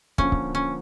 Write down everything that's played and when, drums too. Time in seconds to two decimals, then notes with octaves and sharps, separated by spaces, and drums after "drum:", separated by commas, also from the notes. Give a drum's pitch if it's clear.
0.18 D3 F3 A#3 C#4, drum: kick
0.32 drum: kick
0.55 C#4